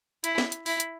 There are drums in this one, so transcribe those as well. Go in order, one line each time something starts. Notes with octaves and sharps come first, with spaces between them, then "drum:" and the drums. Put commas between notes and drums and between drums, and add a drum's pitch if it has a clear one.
E4, drum: hi-hat
drum: snare
drum: hi-hat
E4, drum: open hi-hat
drum: hi-hat